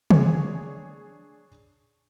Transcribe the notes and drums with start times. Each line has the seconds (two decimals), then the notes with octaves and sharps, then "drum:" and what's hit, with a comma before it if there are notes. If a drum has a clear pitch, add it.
0.10 D4 G#4 C#5, drum: tom